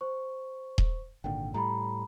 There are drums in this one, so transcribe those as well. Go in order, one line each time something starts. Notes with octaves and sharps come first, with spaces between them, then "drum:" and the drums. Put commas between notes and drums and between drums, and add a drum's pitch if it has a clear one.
C5 C#6
drum: kick D#1
G#1 A#2 D3 G5
A2 G3 A#5 B5